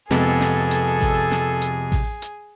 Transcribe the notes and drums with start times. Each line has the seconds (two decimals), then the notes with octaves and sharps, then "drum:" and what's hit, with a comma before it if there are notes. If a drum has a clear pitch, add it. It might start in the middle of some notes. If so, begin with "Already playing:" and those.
0.11 F2 C3 G#3 B3 G#4 A4, drum: snare
0.41 drum: snare
0.71 drum: hi-hat
1.01 drum: kick A1, open hi-hat
1.31 drum: snare
1.62 drum: hi-hat
1.92 drum: kick A1, open hi-hat
2.22 drum: hi-hat